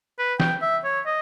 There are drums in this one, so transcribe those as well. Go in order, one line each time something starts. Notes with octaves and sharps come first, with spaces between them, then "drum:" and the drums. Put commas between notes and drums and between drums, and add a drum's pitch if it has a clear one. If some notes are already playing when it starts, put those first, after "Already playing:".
B4
G5, drum: snare
E5
C#5
D#5